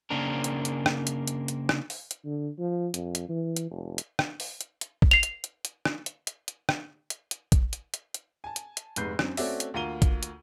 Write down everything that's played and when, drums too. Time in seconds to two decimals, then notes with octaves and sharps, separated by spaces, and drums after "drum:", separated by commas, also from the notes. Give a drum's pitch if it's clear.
0.10 C#3 A#3 C4 D4 A#4
0.44 drum: hi-hat
0.65 drum: hi-hat
0.86 drum: rim click
1.07 drum: hi-hat
1.28 drum: hi-hat
1.48 drum: hi-hat
1.69 drum: rim click
1.90 drum: open hi-hat
2.11 drum: hi-hat
2.25 D3
2.59 F3
2.94 F2, drum: hi-hat
3.15 drum: hi-hat
3.29 E3
3.56 drum: hi-hat
3.71 F1
3.98 drum: hi-hat
4.19 drum: rim click
4.40 drum: open hi-hat
4.61 drum: hi-hat
4.81 drum: hi-hat
5.02 drum: kick A#1
5.11 C7 F7
5.23 drum: hi-hat
5.44 drum: hi-hat
5.65 drum: hi-hat
5.85 drum: rim click
6.06 drum: hi-hat
6.27 drum: hi-hat
6.48 drum: hi-hat
6.69 drum: rim click
7.10 drum: hi-hat
7.31 drum: hi-hat
7.52 drum: kick A#1, hi-hat
7.73 drum: hi-hat
7.94 drum: hi-hat
8.14 drum: hi-hat
8.44 G#5 A5
8.56 drum: hi-hat
8.77 drum: hi-hat
8.96 F1 G#2 B4 G6 C7, drum: hi-hat
9.19 F#2 C4, drum: rim click
9.37 A3 C4 C#4 F#4 D5 E5, drum: open hi-hat
9.60 drum: hi-hat
9.74 D2 A#3 F4 A#5 D#7 G7
10.02 drum: kick A#1, hi-hat
10.23 drum: hi-hat